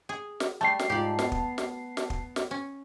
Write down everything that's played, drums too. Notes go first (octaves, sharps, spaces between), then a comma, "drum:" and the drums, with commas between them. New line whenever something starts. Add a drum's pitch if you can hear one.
G#4
drum: snare
G3 A3 A5 C7
drum: snare
G#2 F4 G4 D5
B3, drum: snare
drum: kick
drum: snare
drum: snare
drum: kick
drum: snare
C#4